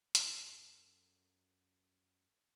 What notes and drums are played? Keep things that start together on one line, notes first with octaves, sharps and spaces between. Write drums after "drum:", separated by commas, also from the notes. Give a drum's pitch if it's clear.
F#2 A4, drum: hi-hat